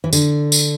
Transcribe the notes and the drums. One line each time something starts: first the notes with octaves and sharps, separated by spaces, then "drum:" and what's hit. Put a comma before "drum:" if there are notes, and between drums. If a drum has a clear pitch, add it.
E3
D3, drum: tambourine
drum: tambourine